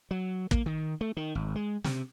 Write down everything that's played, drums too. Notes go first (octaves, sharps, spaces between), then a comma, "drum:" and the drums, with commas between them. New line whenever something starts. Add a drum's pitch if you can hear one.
F#3
A#3, drum: kick
D#3
A3
D#3
G#1
G#3
C3, drum: snare